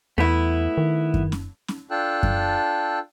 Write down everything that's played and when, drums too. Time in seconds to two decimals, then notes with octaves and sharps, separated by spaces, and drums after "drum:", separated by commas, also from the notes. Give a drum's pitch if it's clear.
0.18 E2 A3 B3 E4
0.78 D#3
1.14 drum: kick F#2
1.32 drum: snare C#4
1.68 drum: snare C#4
1.91 D4 F4 A4 G5 E6 F#6
2.23 drum: kick F#2